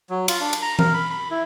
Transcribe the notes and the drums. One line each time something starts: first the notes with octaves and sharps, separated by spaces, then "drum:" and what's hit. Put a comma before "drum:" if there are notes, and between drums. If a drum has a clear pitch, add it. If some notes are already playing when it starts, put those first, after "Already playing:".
F#3
F4, drum: cymbal
D4
drum: cymbal
A#5
A#4, drum: tom E3
B5
B5
E4